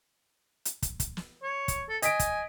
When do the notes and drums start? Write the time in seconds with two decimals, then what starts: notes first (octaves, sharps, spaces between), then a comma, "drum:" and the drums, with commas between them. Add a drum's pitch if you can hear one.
0.65 drum: hi-hat
0.82 drum: kick, hi-hat
1.00 drum: kick, hi-hat
1.17 drum: snare
1.43 C#5
1.68 drum: kick, hi-hat
1.89 A4
2.02 D#5 G#5 B6 D7, drum: hi-hat
2.20 drum: kick, hi-hat